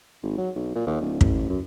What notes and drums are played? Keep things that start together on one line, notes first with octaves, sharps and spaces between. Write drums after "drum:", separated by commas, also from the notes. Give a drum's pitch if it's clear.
G#1
F#3
B1
A#2
D#2
D1
A1, drum: kick
F#2